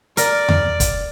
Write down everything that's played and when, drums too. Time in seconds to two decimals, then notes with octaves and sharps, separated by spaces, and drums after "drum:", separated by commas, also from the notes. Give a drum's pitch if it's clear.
0.17 A#4 D5, drum: hi-hat
0.49 drum: tom E2
0.80 drum: kick, hi-hat